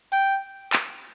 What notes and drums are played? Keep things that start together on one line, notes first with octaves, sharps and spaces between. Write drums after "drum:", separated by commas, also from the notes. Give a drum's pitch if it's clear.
G5, drum: hi-hat
drum: clap